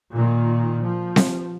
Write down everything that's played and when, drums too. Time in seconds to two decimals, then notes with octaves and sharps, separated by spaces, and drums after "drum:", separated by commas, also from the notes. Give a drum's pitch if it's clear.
0.12 A#2 D#3
0.82 F3
1.16 drum: snare C4